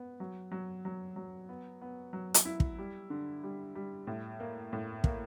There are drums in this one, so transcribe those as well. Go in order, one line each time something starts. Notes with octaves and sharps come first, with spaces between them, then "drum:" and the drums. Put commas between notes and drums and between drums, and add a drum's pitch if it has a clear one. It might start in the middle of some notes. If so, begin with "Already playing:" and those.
Already playing: B3
F#3
F#3
F#3
F#3
B3
B3
F#3
drum: hi-hat
E4
drum: kick
G3
D3
G3
G3
A2
A#3
A2
A#3, drum: kick